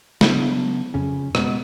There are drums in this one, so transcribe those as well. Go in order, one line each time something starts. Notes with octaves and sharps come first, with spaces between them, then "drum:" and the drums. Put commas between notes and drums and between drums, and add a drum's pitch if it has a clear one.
C#3 F#3 B3 D4, drum: snare
F2 C#3 C#4
B2 G#3 B3, drum: rim click